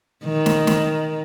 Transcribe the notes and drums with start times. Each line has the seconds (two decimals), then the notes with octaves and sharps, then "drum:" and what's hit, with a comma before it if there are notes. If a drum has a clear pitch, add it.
0.25 D#3
0.46 drum: snare
0.67 drum: snare